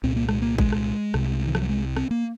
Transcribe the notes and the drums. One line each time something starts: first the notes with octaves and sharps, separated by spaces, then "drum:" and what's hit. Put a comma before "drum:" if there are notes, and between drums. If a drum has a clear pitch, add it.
C2 A#2 C4
A#3
G#3, drum: rim click
A#3
G#3, drum: kick G#1
drum: rim click
C2 C3, drum: rim click
D#3
F3, drum: rim click
F#3
G#3
C4, drum: rim click
A#3